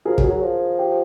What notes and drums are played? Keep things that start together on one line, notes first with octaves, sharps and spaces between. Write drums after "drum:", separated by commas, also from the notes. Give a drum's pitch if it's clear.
F3 G#4 A#4
F#3, drum: kick
G#4
F#3
F3
G4